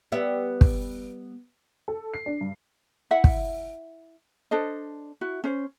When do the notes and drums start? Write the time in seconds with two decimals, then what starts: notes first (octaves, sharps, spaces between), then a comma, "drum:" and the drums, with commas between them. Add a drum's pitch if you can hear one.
0.12 G3 B3 E5
0.61 drum: kick
1.88 A4
2.14 C7
2.26 D4
2.41 G2
3.11 E4 E5 F#5
3.24 drum: kick
4.51 D4 A4 C5 D#5
5.21 E4 F#4
5.44 C#4 C5